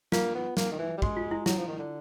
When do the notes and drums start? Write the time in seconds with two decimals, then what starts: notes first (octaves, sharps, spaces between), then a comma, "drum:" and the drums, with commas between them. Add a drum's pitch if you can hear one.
0.12 A#3 F4, drum: snare
0.35 B3
0.57 A#3, drum: snare
0.71 D#3
0.79 E3
0.98 G3
1.02 G#3 F#4, drum: kick
1.17 F4
1.31 E4
1.46 F#3 E4, drum: snare
1.58 F3
1.68 D#3
1.79 D3